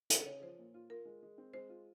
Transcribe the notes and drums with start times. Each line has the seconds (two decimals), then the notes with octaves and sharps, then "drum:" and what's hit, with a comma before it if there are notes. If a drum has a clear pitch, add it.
0.10 C#3, drum: hi-hat
0.26 C#3 C#5
0.42 F3 C5
0.59 A#2
0.74 F4
0.89 F4 A#4
1.05 G#3
1.23 G#3
1.38 C4
1.54 G#3 C5
1.69 F4